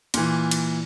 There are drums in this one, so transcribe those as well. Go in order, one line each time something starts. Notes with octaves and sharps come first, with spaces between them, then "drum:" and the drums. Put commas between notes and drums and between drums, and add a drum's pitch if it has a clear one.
A#2 E3, drum: cymbal
drum: cymbal